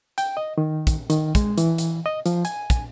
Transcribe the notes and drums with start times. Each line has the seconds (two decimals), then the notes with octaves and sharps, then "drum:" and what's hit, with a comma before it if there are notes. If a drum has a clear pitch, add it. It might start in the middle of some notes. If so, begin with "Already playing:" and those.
0.18 G5, drum: hi-hat
0.37 D#5
0.58 D#3
0.87 drum: kick, hi-hat
1.10 D#3, drum: hi-hat
1.35 G#3, drum: kick, hi-hat
1.58 E3, drum: hi-hat
1.78 drum: hi-hat
2.06 D#5
2.26 F3, drum: hi-hat
2.45 G#5, drum: hi-hat
2.70 drum: kick, hi-hat